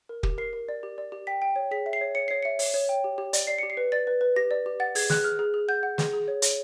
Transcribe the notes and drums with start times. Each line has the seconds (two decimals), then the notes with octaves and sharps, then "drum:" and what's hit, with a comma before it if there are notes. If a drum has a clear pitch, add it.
0.09 A#4
0.23 G4, drum: kick
0.38 A#4 C7
0.53 A#4
0.69 D5
0.83 G4
0.98 D5
1.12 G4
1.27 G5 B6
1.42 G5
1.56 C#5
1.71 G#4 B6
1.86 E5
1.93 C7
2.01 C#5
2.15 C#5 C#7
2.28 C#5 C7
2.43 E5 C#7
2.59 C#5, drum: open hi-hat
2.74 C#5
2.89 G5
3.04 G4
3.18 G4
3.33 D5, drum: hi-hat
3.47 D5 C7
3.58 G4 C#7
3.70 C7
3.77 B4
3.92 D5 A6
4.07 B4
4.21 B4
4.36 G4 A#6
4.51 D5
4.66 G4
4.80 F#5 A6
4.95 G#4 G#6, drum: open hi-hat
5.10 G#4 F#6, drum: snare
5.24 G#4 F6
5.39 G#4
5.54 G#4
5.68 F#5 G6
5.83 F#5
5.98 G#4, drum: snare
6.13 G#4
6.28 C#5
6.42 C#5, drum: hi-hat